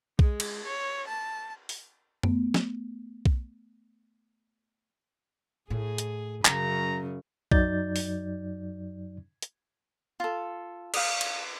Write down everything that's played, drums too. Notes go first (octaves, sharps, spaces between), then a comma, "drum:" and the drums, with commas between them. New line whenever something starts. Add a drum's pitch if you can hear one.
G#3, drum: kick B1
drum: cymbal
C#5
A5
drum: open hi-hat
A3 B3, drum: tom F#2
drum: snare
drum: kick B1
A2 G#4
drum: hi-hat
F#2 C#3 F#3 A#5, drum: clap
F#2 F#3 D#4 D5 G6 A6, drum: kick B1
drum: open hi-hat
drum: hi-hat
F4 A4
F5 D#6, drum: cymbal
drum: cymbal